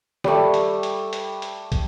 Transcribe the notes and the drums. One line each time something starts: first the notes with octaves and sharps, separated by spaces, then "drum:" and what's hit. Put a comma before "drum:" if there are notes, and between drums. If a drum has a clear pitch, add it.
G3 A3, drum: snare
drum: hi-hat
drum: hi-hat
drum: hi-hat
drum: hi-hat
drum: kick, hi-hat